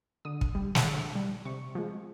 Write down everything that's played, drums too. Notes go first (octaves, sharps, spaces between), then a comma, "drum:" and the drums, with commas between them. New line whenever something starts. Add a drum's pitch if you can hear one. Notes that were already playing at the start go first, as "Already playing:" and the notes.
D3 D#6
drum: kick
G3
drum: snare
D3
G3
C3 C#6
F3 G#3